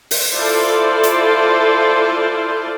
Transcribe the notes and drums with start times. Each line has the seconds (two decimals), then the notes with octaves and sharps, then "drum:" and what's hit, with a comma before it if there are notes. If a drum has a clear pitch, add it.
0.11 drum: open hi-hat
0.34 E4 F4 A4 C5 D5
1.03 drum: hi-hat